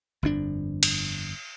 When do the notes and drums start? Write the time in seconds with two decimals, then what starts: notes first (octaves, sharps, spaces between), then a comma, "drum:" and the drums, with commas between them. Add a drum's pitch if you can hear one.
0.23 G1 F2 D4
0.83 drum: cymbal